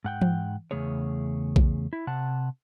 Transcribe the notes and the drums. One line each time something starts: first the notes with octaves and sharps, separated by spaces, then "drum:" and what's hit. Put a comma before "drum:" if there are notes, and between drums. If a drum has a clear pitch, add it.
G#2 F#5 G5
drum: tom E3
E2 C#3 A3 G#4 C#5
drum: kick A#1
E4
C3 F#5 A5